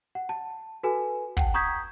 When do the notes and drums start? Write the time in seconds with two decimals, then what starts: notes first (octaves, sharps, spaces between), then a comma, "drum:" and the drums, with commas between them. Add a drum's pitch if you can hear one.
0.15 F#5
0.29 A5
0.83 F#4 A4 B4 G#5
1.37 F#5 G5 A5, drum: kick
1.54 A#5 C#6 D#6 G6 G#6 B6